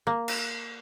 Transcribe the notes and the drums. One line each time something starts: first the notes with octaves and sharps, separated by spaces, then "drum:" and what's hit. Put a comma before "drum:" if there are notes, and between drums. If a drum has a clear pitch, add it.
A#3
drum: cymbal